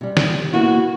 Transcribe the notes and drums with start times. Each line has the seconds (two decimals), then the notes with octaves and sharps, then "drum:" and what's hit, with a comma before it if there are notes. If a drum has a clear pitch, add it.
0.01 C3 G3
0.17 drum: snare
0.53 A#3 B3 E4 F#4